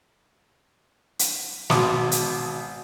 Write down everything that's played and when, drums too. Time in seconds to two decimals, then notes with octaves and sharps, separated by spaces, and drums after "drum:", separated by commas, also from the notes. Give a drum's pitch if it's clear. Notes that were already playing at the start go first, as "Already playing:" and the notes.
1.19 drum: hi-hat
1.70 G#1 B2 A5 C6 D6 D#6, drum: snare
2.12 drum: hi-hat